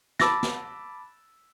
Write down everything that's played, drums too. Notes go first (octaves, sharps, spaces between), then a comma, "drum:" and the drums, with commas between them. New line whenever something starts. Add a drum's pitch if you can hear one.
A5 B5 D6 E6 A6 A#6, drum: snare
drum: snare